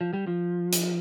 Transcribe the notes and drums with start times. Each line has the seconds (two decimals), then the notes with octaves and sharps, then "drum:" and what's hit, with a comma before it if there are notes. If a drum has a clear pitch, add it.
0.01 F3
0.13 G3
0.27 F3
0.72 drum: hi-hat